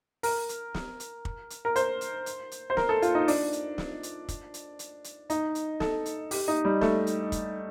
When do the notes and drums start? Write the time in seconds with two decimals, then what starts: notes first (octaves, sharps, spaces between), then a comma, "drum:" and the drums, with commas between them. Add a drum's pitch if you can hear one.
0.23 A#4, drum: open hi-hat
0.49 drum: hi-hat
0.74 drum: snare
1.00 drum: hi-hat
1.25 drum: kick
1.50 drum: hi-hat
1.65 A#4
1.76 C5, drum: hi-hat
2.01 drum: hi-hat
2.26 drum: hi-hat
2.51 drum: hi-hat
2.70 C5
2.77 A#4, drum: snare
2.89 A4
3.02 F4, drum: hi-hat
3.15 D#4
3.28 D4, drum: open hi-hat
3.53 drum: hi-hat
3.78 drum: snare
4.03 drum: hi-hat
4.29 drum: kick, hi-hat
4.54 drum: hi-hat
4.79 drum: hi-hat
5.04 drum: hi-hat
5.30 D#4, drum: hi-hat
5.55 drum: hi-hat
5.80 A4, drum: snare
6.06 drum: hi-hat
6.31 G4, drum: open hi-hat
6.48 D#4
6.65 G3
6.81 A3, drum: snare
7.07 drum: hi-hat
7.32 drum: kick, hi-hat